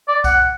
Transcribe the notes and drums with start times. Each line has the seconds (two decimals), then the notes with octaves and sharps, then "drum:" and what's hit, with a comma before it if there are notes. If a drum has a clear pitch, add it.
0.08 D5
0.24 F#5, drum: kick, tambourine